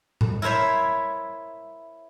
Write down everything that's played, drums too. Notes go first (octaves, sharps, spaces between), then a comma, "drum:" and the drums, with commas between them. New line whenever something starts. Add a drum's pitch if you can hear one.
drum: tom A2
E4 A#4 C5 C#5 E5